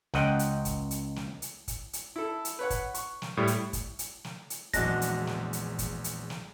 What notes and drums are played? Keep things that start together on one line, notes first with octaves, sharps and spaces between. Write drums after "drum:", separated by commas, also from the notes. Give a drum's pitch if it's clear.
C#2 D#5 F#5 G5, drum: snare
drum: hi-hat
drum: kick, hi-hat
drum: hi-hat
drum: snare
drum: hi-hat
drum: kick, hi-hat
drum: hi-hat
E4 A4
drum: hi-hat
B4 C#5 F#5
drum: kick, hi-hat
C#6, drum: hi-hat
drum: snare
A2 G3
drum: hi-hat
drum: kick, hi-hat
drum: hi-hat
drum: snare
drum: hi-hat
A#1 E2 F#3 G#3 D4 A#6, drum: kick, hi-hat
drum: hi-hat
drum: snare
drum: hi-hat
drum: kick, hi-hat
drum: hi-hat
drum: snare